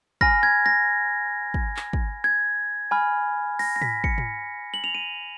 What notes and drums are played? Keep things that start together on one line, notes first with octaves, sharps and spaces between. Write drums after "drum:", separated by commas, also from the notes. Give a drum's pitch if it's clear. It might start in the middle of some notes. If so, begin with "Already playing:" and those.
G#5 B5 F6 A#6, drum: kick
G#6
A#6
drum: kick
drum: clap
drum: kick
G#6
G#5 B5 F6
A#6, drum: open hi-hat
A#6
B6, drum: tom
C#7, drum: kick
drum: tom
F#7
F7
D#7